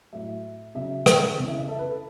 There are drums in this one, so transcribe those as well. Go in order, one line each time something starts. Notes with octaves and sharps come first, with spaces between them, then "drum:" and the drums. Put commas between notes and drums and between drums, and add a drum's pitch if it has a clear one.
A2 F#3 E5
C#3 F#3 E5
drum: rim click
C#3 E3
E5
E5
A4
B4
A4